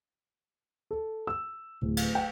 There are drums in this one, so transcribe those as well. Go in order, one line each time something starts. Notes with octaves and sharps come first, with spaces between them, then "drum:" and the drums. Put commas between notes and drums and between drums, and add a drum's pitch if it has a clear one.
A4
E6
D1
drum: cymbal
G5